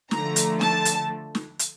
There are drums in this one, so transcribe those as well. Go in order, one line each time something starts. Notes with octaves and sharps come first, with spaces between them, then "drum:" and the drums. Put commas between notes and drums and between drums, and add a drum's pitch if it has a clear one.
D3 F3 A3 A#5, drum: snare
drum: hi-hat
A5, drum: snare
drum: hi-hat
drum: snare
drum: hi-hat